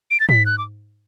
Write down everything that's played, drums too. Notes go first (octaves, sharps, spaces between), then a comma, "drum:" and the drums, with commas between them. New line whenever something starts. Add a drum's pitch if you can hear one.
D7
A6
B6, drum: tom G#2
F#6
D6